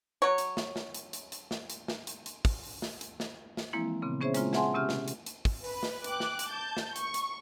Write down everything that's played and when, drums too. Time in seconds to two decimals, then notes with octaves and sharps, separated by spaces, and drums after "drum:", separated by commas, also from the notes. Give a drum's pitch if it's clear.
0.22 F#3 C#5
0.38 drum: hi-hat
0.57 drum: snare
0.76 drum: snare
0.94 drum: hi-hat
1.13 drum: hi-hat
1.32 drum: hi-hat
1.51 drum: snare
1.70 drum: hi-hat
1.88 drum: snare
2.07 drum: hi-hat
2.26 drum: hi-hat
2.45 drum: kick, open hi-hat
2.64 drum: open hi-hat
2.82 drum: snare
3.01 drum: hi-hat
3.20 drum: snare
3.57 drum: snare
3.73 E3 F3 G#3 A#3 C4 E4
4.02 A#2 C#3 B3 C4
4.21 B3 C#4 G#4 C5 C#5 E5
4.35 G#3 A#3 C4 E4 F4, drum: hi-hat
4.53 G#4 E5 F#5 G#5 A5 C6, drum: snare
4.74 C3 C#4 G4 E5 F6
4.89 drum: snare
5.08 drum: hi-hat
5.26 drum: hi-hat
5.45 drum: kick, open hi-hat
5.64 B4, drum: open hi-hat
5.83 drum: snare
6.04 G5 D6 F#6, drum: hi-hat
6.20 drum: snare
6.39 drum: hi-hat
6.50 A5 G6
6.77 drum: snare
6.96 C#6, drum: hi-hat
7.14 drum: hi-hat